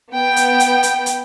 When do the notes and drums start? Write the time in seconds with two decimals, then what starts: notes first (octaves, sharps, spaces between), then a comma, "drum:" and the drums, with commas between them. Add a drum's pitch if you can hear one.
0.13 B3 G5
0.36 drum: hi-hat
0.60 drum: hi-hat
0.83 drum: hi-hat
1.06 drum: hi-hat